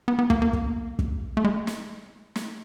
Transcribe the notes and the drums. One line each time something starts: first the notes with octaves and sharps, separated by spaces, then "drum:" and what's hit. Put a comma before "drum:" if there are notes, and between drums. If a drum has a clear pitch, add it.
B3
B3
A#3, drum: kick
A#3
drum: kick
drum: kick
A3
G#3
drum: snare
drum: snare